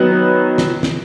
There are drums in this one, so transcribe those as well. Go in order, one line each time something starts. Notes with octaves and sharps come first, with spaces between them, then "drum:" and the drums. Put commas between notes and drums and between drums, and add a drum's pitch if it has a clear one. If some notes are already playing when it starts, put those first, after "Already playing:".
Already playing: D#3 F#3 B3 D#4 F#6
drum: snare
drum: snare